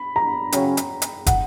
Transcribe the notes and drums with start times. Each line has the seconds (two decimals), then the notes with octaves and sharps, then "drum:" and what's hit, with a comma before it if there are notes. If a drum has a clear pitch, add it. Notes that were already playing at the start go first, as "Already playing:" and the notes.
Already playing: B5
0.16 A#5
0.52 C#3 F#3 C#4 G5, drum: hi-hat
0.77 drum: hi-hat
1.02 drum: hi-hat
1.26 F#5, drum: kick, hi-hat